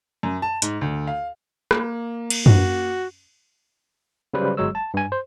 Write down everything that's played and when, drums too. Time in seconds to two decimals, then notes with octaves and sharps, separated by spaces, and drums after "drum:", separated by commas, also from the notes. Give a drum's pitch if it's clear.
0.23 F#2
0.42 A5
0.62 G#2, drum: hi-hat
0.81 D2
1.07 F5
1.71 A#3, drum: rim click
2.30 drum: cymbal
2.46 F#4, drum: tom F#2
4.34 C#3 F#3 G3 B4 C5
4.57 G1 F#3 G#3 C#5 E6
4.75 A5
4.94 G2 G#5
5.12 C5